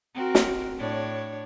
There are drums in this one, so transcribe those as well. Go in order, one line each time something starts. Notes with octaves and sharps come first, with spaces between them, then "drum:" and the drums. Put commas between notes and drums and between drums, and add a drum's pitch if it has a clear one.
C4 F#4 A#4
drum: snare
A2 D4 C#5